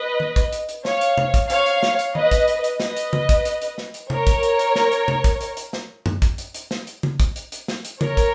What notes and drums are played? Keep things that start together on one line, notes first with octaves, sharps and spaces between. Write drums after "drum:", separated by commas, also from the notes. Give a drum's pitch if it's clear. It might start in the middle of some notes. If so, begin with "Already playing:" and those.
Already playing: B4 D#5
drum: tom D#3
drum: kick, hi-hat
drum: hi-hat
drum: hi-hat
C#5 F5, drum: snare
drum: hi-hat
drum: tom C3
drum: kick, hi-hat
C#5 F5, drum: hi-hat
drum: hi-hat
drum: snare
drum: hi-hat
B4 D#5, drum: tom D#3
drum: kick, hi-hat
drum: hi-hat
drum: hi-hat
B4 D#5, drum: snare
drum: hi-hat
drum: tom C#3
drum: kick, hi-hat
drum: hi-hat
drum: hi-hat
drum: snare
drum: hi-hat
A#4 C#5, drum: tom C3
drum: kick, hi-hat
drum: hi-hat
drum: hi-hat
drum: snare
drum: hi-hat
drum: tom C3
drum: kick, hi-hat
drum: hi-hat
drum: hi-hat
drum: snare
drum: tom F#2
drum: kick, hi-hat
drum: hi-hat
drum: hi-hat
drum: snare
drum: hi-hat
drum: tom C#3
drum: kick, hi-hat
drum: hi-hat
drum: hi-hat
drum: snare
drum: hi-hat
A#4 C#5, drum: tom C#3
drum: kick, hi-hat